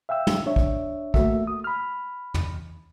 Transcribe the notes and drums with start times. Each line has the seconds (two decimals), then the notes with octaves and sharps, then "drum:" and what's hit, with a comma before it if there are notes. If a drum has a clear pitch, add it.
0.09 E5 F5 G5 E6
0.27 drum: tom
0.46 D4 C#5 E5
0.56 drum: kick
1.14 A3 A#3 F#4 E5, drum: kick
1.47 D#6
1.64 B5 F6
2.34 drum: tom